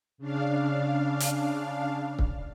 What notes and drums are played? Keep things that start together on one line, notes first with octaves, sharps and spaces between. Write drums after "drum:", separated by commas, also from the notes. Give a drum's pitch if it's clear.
C#3 D4 F5
drum: hi-hat
drum: kick